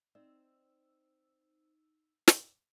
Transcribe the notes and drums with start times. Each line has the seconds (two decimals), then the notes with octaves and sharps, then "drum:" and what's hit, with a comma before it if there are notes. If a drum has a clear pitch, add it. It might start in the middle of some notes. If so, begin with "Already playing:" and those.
0.15 C4 D#4 D5 E6
2.28 drum: snare